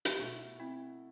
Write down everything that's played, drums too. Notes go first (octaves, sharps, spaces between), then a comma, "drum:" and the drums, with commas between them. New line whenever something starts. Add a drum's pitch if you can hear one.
drum: hi-hat
B2 A3 D#4 E4 F#4 A4
C4 E4